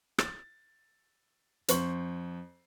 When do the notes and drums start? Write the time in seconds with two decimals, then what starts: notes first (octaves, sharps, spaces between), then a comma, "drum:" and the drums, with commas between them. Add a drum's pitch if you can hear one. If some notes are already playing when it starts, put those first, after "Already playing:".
0.18 A6, drum: rim click
1.68 F2 C5 C#6 F#7, drum: hi-hat